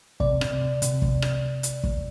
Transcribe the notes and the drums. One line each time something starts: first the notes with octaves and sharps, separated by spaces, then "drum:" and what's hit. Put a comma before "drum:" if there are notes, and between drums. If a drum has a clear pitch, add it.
C3 D5, drum: kick
C3, drum: rim click
C3
C3, drum: hi-hat
drum: kick
drum: rim click
drum: hi-hat
drum: kick